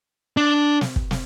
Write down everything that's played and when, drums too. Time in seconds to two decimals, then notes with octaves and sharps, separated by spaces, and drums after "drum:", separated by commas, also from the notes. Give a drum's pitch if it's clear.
0.37 D4
0.81 drum: snare
0.96 drum: kick
1.11 drum: snare